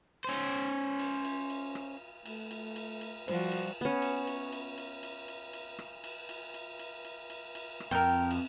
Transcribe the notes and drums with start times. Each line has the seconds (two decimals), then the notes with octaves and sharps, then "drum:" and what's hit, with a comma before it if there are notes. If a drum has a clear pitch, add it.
0.24 C#4 C5
0.99 drum: cymbal
1.25 drum: cymbal
1.50 drum: cymbal
1.75 drum: rim click
2.26 A3, drum: cymbal
2.51 drum: cymbal
2.76 drum: cymbal
3.01 drum: cymbal
3.28 F3 G3 F#4 C5, drum: cymbal
3.52 drum: cymbal
3.81 B3 C#4
4.02 drum: cymbal
4.27 drum: cymbal
4.52 drum: cymbal
4.78 drum: cymbal
5.03 drum: cymbal
5.28 drum: cymbal
5.53 drum: cymbal
5.79 drum: rim click
6.04 drum: cymbal
6.29 drum: cymbal
6.54 drum: cymbal
6.79 drum: cymbal
7.05 drum: cymbal
7.30 drum: cymbal
7.55 drum: cymbal
7.80 drum: rim click
7.91 F2 A#4 G5
8.31 drum: cymbal